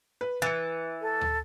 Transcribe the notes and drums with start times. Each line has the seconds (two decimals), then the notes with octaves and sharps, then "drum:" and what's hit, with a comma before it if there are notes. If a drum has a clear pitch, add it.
0.21 B4
0.42 E3 A6 C#7
1.01 A4
1.21 drum: tom D2